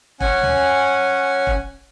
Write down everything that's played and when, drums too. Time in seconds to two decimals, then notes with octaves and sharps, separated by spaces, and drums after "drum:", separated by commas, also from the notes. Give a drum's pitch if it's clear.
0.20 C#4 F#5 G#5, drum: kick E1
0.42 drum: tom
1.47 drum: kick E1